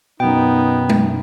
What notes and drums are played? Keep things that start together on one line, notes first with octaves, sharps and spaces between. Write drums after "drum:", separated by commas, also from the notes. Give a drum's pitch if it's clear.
F#2 B2 B3 D#4 G5
drum: tom G#3